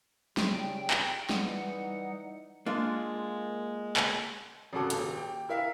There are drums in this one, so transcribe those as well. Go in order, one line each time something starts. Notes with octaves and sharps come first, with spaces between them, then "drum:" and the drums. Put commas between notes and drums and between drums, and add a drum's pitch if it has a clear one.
C#3 G3 G5, drum: snare
drum: clap
E3 G3 D#4 F#5, drum: snare
G#3 A#3 D4 F4
drum: clap
G#1 C#3 F#4 A4 D6
D#1, drum: hi-hat
G5
E4 A#4 E5 F5